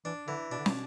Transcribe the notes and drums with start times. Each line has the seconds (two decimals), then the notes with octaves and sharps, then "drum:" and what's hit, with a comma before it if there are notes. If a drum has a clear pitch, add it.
0.05 E3 D4
0.27 D3 E3
0.51 B2 D4
0.59 D3
0.66 B2, drum: snare